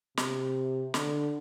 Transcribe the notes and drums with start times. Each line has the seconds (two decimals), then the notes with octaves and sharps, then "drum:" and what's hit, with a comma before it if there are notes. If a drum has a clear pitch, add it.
0.17 C3, drum: snare
0.94 D3, drum: snare